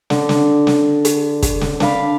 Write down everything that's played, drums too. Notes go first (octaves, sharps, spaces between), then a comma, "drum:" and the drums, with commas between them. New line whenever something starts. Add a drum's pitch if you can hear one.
D3, drum: snare
drum: snare
drum: snare
drum: hi-hat
drum: kick, hi-hat
drum: snare
D4 F5 B5 D6, drum: snare